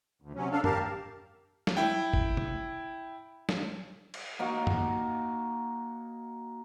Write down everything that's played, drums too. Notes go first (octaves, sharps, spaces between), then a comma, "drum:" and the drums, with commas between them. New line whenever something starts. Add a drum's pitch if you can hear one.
D2
C3 F#3 C#4
D4 A4 F5
G4 A#4 F5 A5, drum: tom F#2
drum: snare
E4 G5
drum: kick G1
drum: tom
drum: snare
drum: cymbal
A#3 D#4 F#4
drum: tom F#2